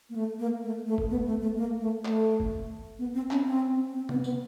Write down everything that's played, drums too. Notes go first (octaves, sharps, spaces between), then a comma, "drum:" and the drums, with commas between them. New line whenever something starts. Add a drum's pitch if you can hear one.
A#3
A3
A#3
A3
A3
drum: kick G1
B3
A3
A3
A#3
A3
A3, drum: clap
drum: kick G1
B3
C4
C#4, drum: clap
C4
C4
B3, drum: tom C3
B3, drum: tambourine